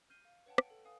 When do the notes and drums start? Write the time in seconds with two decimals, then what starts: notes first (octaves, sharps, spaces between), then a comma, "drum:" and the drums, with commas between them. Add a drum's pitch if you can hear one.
0.10 F6 G6 C7 D#7 G7
0.25 F5
0.46 B4 C#5 F#5 G5 A5
0.58 A6 C#7 D7, drum: rim click
0.70 A4
0.85 B4 F5 G#5 D#6